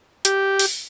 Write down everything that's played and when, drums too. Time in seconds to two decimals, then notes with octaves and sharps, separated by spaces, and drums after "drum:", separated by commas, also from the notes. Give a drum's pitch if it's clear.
0.25 G4, drum: hi-hat
0.59 drum: open hi-hat